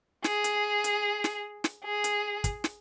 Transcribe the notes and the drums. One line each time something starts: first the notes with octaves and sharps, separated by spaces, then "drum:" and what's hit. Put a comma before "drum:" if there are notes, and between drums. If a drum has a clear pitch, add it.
G#4, drum: snare
drum: hi-hat
drum: hi-hat
drum: snare
drum: snare
G#4
drum: hi-hat
drum: kick, hi-hat
drum: snare